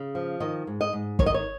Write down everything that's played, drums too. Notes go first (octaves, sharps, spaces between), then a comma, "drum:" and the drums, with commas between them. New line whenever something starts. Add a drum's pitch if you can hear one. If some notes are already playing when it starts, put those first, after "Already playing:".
Already playing: C#3
F3
D#3 D#5
G#2
D#5
G#2
D#3 C#5, drum: kick
D#5
C#5